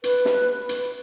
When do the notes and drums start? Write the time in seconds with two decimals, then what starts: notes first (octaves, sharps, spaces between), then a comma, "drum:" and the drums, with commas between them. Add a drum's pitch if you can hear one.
0.04 B4, drum: hi-hat
0.25 drum: snare
0.69 drum: hi-hat